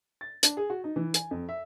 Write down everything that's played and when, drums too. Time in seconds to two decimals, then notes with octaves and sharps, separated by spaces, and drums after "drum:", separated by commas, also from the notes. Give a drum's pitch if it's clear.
0.21 A6
0.43 D4, drum: hi-hat
0.57 G#4
0.70 F#4
0.84 D#4
0.96 E3
1.14 G#5, drum: hi-hat
1.31 F2
1.49 E5